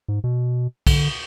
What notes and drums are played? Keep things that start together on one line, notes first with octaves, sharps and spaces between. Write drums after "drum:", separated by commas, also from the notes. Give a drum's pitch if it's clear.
G#2
B2
D3, drum: kick B1, cymbal